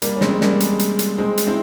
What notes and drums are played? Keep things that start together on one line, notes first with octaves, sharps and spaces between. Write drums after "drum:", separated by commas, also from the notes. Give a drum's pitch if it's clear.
G3 A#3, drum: hi-hat
C#4
G#3 C4, drum: snare
G3 A#3, drum: snare
G#3, drum: hi-hat
drum: hi-hat
drum: hi-hat
G#3 C4
drum: hi-hat
C4 E4